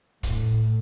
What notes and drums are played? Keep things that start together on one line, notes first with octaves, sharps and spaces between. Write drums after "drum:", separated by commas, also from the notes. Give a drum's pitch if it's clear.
A2, drum: kick C#1, hi-hat